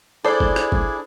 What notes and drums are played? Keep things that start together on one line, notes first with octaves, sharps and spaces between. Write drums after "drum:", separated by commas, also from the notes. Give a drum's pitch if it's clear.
D4 E4 G#4 A4 C5 D5
drum: kick G1
drum: rim click
drum: kick G1